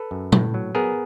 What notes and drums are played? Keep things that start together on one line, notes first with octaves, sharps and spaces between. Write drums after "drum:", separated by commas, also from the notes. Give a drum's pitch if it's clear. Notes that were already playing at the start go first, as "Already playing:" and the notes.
Already playing: A4 B4
F#2
A2, drum: tom A#2
F#3
B3 G#4 A#4